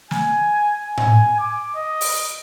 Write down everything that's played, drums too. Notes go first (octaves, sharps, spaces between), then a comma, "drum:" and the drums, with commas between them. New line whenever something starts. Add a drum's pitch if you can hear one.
G#5, drum: snare
G#5
drum: tom A2
D6
D#5
drum: open hi-hat